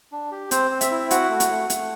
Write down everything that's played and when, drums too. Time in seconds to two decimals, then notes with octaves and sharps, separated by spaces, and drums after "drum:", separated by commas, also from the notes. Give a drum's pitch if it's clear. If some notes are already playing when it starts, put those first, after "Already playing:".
0.12 D4
0.32 G4
0.51 C4 C5, drum: hi-hat
0.71 C4
0.81 E5, drum: hi-hat
0.91 E4
1.11 F#4 F#5, drum: hi-hat
1.30 A3
1.40 drum: hi-hat
1.50 A3
1.70 A3, drum: hi-hat